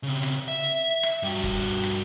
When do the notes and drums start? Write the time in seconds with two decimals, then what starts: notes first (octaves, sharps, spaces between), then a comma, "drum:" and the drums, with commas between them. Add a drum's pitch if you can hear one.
0.03 C#3 C4
0.23 drum: rim click
0.48 E5
0.63 drum: hi-hat
1.03 drum: rim click
1.23 G2 F#4
1.43 drum: kick F1, hi-hat
1.84 drum: rim click